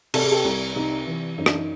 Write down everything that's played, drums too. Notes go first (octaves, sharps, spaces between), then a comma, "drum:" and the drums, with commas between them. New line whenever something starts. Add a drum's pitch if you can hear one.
C3 A4, drum: cymbal
G#4
G4 A4
C2
C3 D#4
E3
F#2 D#4
D4, drum: rim click
D#4